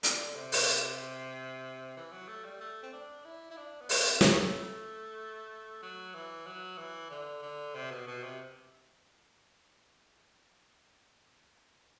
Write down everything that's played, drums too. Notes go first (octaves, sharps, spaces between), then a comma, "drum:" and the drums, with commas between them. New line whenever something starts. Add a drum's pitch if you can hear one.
D3, drum: hi-hat
C3
drum: open hi-hat
E3
F#3
A3
G3
A3
C4
D4
E4
E4
D4
B3
C4, drum: open hi-hat
A3, drum: snare
F#3
E3
F#3
E3
D3
D3
C3
B2
B2
C3